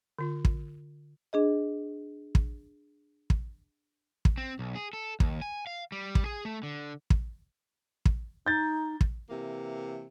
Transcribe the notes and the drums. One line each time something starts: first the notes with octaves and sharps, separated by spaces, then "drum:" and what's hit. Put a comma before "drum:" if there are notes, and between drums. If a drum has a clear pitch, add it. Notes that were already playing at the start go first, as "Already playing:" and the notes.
D3 F4
drum: kick
D4 G#4 D#5
drum: kick
drum: kick
drum: kick
C4
B1
G#4
A4
D#2, drum: kick
G#5
F5
G3
drum: kick
G#4
A3
D3
drum: kick
drum: kick
D#4 G6 A6
drum: kick
C3 E3 A#3